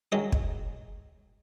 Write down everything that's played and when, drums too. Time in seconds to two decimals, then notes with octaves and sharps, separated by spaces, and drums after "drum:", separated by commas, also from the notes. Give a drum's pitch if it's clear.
0.12 D#3 F#3 D#4 G#4
0.32 drum: kick